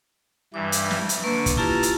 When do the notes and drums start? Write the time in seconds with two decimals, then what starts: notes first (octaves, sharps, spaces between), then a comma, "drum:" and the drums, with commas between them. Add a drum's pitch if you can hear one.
0.54 G2 E3 D6
0.72 drum: hi-hat
0.91 drum: snare
1.09 drum: hi-hat
1.24 D3 A#3 B4 C#6
1.46 drum: kick, hi-hat
1.57 E4 F4 G4 A5 A#5
1.83 drum: hi-hat